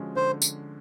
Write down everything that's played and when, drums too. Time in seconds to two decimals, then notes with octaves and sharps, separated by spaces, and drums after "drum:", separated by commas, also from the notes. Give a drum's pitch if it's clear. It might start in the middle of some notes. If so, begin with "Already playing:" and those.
Already playing: D3 F3 G#3 C#4 F#4
0.16 D3 C5
0.42 drum: tambourine